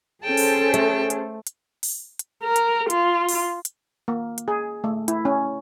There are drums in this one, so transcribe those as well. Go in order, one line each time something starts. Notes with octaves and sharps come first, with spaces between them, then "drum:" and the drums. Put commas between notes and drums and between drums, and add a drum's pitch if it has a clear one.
C#4 G#4 A4 C5 G5 A5
drum: open hi-hat
A3, drum: hi-hat
drum: hi-hat
drum: hi-hat
drum: open hi-hat
drum: hi-hat
A#4
drum: hi-hat
F4, drum: hi-hat
drum: open hi-hat
drum: hi-hat
A#3
drum: hi-hat
G#4
A3
E4, drum: hi-hat
C#4